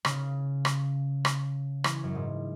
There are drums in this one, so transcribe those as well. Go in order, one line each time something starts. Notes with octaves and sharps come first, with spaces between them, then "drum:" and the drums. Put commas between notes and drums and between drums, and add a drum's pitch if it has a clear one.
C#3, drum: rim click
drum: rim click
drum: rim click
E3, drum: rim click
F#2
G#2